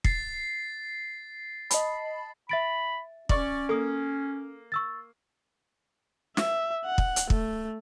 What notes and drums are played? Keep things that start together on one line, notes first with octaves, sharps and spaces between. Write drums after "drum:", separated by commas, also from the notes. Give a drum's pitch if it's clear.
A6 C7, drum: kick
D#5 A5 B5, drum: hi-hat
E5 B5 A6 D7
C#4 D5 C#6, drum: kick
A#3 A4 D#6
C#6 E6 A6
E5, drum: snare
F#5
drum: kick
drum: hi-hat
A3, drum: kick